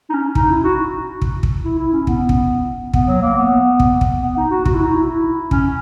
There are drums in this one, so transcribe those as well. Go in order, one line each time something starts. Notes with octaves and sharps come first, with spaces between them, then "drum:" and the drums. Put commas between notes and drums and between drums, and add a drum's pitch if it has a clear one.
D#4
C#4
D#4, drum: kick
E4
F#4
drum: kick
drum: kick
E4
E4
C#4
B3, drum: kick
drum: kick
B3, drum: kick
F#3
A#3
B3
drum: kick
drum: kick
B3
D#4
F#4
F#4, drum: kick
E4
D#4
E4
C#4, drum: kick